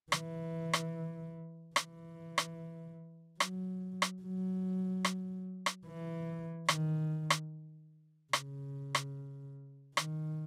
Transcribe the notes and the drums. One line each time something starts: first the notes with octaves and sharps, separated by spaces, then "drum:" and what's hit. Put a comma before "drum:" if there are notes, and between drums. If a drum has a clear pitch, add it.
E3, drum: rim click
drum: rim click
E3, drum: rim click
drum: rim click
F#3, drum: rim click
drum: rim click
F#3
drum: rim click
drum: rim click
E3
D#3, drum: rim click
drum: rim click
C#3, drum: rim click
drum: rim click
D#3, drum: rim click